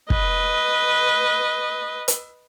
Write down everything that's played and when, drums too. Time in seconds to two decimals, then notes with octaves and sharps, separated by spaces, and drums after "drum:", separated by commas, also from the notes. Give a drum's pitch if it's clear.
0.10 B4 D#5, drum: kick
2.08 drum: hi-hat